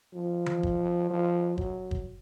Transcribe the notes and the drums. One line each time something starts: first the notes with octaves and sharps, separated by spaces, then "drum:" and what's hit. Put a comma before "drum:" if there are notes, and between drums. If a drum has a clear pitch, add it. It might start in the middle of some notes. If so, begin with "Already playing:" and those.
F3
drum: tom E3
drum: kick
F3
F#3, drum: kick
drum: kick